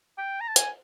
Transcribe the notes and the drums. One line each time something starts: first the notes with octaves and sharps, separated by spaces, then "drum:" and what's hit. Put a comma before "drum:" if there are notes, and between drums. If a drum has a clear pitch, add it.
G5
A#5
A5
G#5, drum: hi-hat